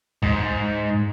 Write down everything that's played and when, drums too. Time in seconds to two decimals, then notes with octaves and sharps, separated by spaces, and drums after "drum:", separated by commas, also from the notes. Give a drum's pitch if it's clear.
0.22 G#2, drum: kick